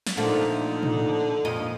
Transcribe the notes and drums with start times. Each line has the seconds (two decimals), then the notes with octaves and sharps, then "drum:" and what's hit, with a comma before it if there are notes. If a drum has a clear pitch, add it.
0.07 drum: snare
0.17 A#2 D3 F3 A3 D#4
0.83 drum: tom A2
1.45 F2 A#2 D#5